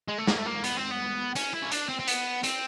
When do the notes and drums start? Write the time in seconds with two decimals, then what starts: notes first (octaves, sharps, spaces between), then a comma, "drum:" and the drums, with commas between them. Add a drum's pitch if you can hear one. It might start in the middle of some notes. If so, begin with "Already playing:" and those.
0.09 G#3
0.18 A3
0.27 A#3, drum: snare
0.39 A3
0.46 A#3
0.64 B3, drum: hi-hat
0.77 C4
0.91 B3
1.35 C#4, drum: hi-hat
1.53 E4
1.62 C#4
1.71 D4, drum: hi-hat
1.89 C4
2.00 C4
2.08 B3, drum: hi-hat
2.44 C4, drum: hi-hat